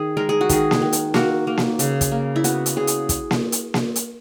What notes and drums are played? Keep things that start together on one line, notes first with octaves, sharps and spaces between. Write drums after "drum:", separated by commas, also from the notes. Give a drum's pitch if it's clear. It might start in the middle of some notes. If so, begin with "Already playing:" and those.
Already playing: D#3 G#4
G#3 A#4
G#4
F#4
D#3 G#4, drum: kick, hi-hat
drum: snare A#3
D#3
drum: hi-hat
A#3 F#4, drum: snare A#3
A#3
drum: snare A#3
C#3, drum: hi-hat
drum: kick, hi-hat
A#3
E4
B3 F#4, drum: hi-hat
drum: hi-hat
C#3 G#4
drum: hi-hat
drum: kick, hi-hat
drum: snare A#3
drum: hi-hat
drum: snare A#3
drum: hi-hat